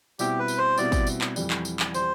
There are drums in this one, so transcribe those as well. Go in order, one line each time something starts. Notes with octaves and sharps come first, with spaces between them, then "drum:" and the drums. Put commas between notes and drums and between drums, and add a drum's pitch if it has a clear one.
B2 G3 C4 E4 G4, drum: tambourine
B4
drum: tambourine
C5
B2 G3 C4 E4 D5, drum: tambourine
drum: kick, tambourine
drum: tambourine
drum: clap
F2 E3 G3, drum: tambourine
drum: clap
drum: tambourine
drum: clap
E3 G3 C5, drum: tambourine